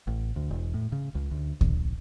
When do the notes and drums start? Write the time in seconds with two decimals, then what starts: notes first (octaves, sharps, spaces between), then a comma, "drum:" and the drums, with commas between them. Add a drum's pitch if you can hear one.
0.07 A1
0.36 D2
0.51 E1
0.74 A2
0.92 C#3
1.15 C#2
1.31 D2
1.61 A#1, drum: kick D2